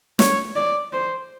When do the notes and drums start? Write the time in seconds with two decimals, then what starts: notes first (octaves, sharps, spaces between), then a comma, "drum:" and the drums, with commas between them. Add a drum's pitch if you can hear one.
0.19 C#5, drum: snare
0.55 D5
0.93 C5